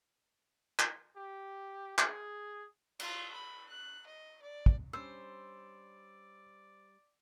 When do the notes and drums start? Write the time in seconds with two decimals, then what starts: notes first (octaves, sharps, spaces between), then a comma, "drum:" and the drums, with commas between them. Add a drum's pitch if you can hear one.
0.79 drum: clap
1.17 G4
1.98 G#4, drum: clap
3.00 F4, drum: cymbal
3.33 B5
3.69 F#6
4.07 D#5
4.42 D5
4.66 drum: kick
4.93 G3 C#4 D4 C5 D5 E6